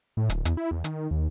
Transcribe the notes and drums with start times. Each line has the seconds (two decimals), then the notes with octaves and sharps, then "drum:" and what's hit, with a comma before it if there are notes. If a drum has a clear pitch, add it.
0.17 A2
0.30 D1, drum: hi-hat
0.45 E2, drum: hi-hat
0.57 E4
0.71 E2
0.84 D#3, drum: hi-hat
1.11 D#2